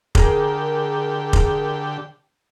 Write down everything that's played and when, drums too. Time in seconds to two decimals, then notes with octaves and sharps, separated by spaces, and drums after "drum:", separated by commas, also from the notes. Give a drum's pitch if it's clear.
0.15 D3 G4 G#4 A#4, drum: kick
1.33 drum: kick